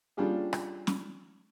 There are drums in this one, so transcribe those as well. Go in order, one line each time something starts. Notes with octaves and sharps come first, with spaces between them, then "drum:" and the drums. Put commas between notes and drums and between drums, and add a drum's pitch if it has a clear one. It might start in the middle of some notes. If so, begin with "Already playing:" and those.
G3 C#4 D4 F4 G4 G#4
drum: rim click
drum: snare